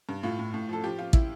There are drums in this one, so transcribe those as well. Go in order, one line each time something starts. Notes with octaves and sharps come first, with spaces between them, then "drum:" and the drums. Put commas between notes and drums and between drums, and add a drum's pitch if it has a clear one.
G2
A2 F4
A2
A2
F3 A4
F3 G4
F3 F4
E4, drum: kick